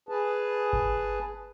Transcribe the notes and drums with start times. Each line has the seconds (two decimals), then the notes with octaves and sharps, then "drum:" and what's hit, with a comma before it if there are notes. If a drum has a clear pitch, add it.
0.09 G#4 B4 A5
0.73 drum: kick G1